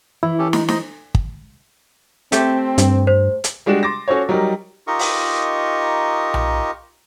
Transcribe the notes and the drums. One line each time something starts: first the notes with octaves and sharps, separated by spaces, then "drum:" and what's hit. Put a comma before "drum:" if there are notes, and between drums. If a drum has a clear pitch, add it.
E3 E4
C#4 G4 A4
G#3 D#4, drum: snare
D#4 C5 D#5, drum: snare
drum: kick
A3 C4 G4, drum: hi-hat
G2, drum: hi-hat
C5
drum: hi-hat
G3 G#3 D4 F#4 E7
C6 D6 A6 A#6
C#4 F#4 A4 C5 C#5
F#3 G3 D#4 A#4
D#4 F4 G4 A#4 D#5 C#6
drum: open hi-hat
drum: tom B1